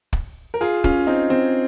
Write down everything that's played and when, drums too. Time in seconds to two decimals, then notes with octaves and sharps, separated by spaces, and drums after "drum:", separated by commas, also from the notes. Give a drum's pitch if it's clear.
0.13 drum: kick
0.54 A#4
0.61 F4 G#4
0.84 C#4 F4, drum: kick
1.07 C4 D#4
1.30 C4